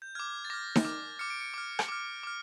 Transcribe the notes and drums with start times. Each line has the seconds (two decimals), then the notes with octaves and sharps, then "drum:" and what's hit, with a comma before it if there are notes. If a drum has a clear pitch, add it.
0.02 G6
0.15 D6 F6 G#6
0.45 A6
0.50 D6 F6 A#6
0.76 drum: snare D#4
0.85 D6 F6
1.19 D6 F6 C#7
1.30 D7
1.41 C#7
1.54 D6 F6
1.79 drum: rim click
1.88 D6 F6
2.23 D6 F6